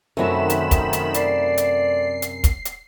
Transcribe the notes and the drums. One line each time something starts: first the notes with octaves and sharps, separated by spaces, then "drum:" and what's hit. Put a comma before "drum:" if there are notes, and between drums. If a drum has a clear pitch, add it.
F#2 C3 D#3 A3 C4 F#4 B5 E7
drum: hi-hat
drum: kick, hi-hat
drum: hi-hat
D5 C7, drum: hi-hat
drum: hi-hat
drum: hi-hat
drum: kick, hi-hat
drum: hi-hat